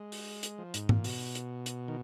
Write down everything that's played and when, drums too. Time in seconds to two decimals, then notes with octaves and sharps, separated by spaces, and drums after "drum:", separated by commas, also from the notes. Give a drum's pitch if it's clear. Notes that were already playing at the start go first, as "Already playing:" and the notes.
Already playing: G#3
0.12 drum: open hi-hat
0.43 drum: hi-hat
0.58 F3
0.74 G#2, drum: hi-hat
0.89 A#2, drum: tom G#2
1.04 B2, drum: open hi-hat
1.35 drum: hi-hat
1.66 drum: hi-hat
1.88 D#3